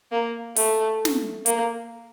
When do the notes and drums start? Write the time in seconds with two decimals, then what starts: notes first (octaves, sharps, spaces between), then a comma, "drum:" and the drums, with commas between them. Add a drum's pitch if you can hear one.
0.12 A#3
0.56 A3, drum: open hi-hat
1.05 drum: snare
1.46 A#3, drum: hi-hat